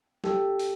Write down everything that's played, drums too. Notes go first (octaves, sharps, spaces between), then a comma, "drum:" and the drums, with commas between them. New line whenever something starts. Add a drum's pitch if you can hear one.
G4 A4, drum: snare
drum: open hi-hat